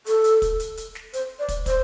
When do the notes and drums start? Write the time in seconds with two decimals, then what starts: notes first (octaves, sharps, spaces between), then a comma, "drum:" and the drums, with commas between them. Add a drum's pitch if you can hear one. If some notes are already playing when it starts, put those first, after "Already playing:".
0.06 A4, drum: hi-hat
0.24 drum: hi-hat
0.42 drum: kick, hi-hat
0.60 drum: hi-hat
0.77 drum: hi-hat
0.95 drum: snare
1.13 C5, drum: hi-hat
1.39 D5
1.48 drum: kick, hi-hat
1.66 C5, drum: kick, hi-hat